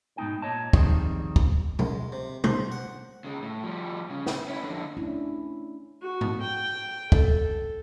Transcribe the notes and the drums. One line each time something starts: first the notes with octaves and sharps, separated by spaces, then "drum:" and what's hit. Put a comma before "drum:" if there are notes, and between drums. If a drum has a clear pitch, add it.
G#2 B2 D#4 G5
A#2 C#5 D#5 A5
F2 G#2 D#3 G3 G#3 C4, drum: kick
drum: kick
G#3, drum: tom B2
C3
C5, drum: tom
F#5
C#3 G#3
A2
F3 G3
C#3
drum: snare
C#4 E4
F2 D3
A3 C#4 D4 E4
F#4
drum: tom G#2
G5
A4, drum: kick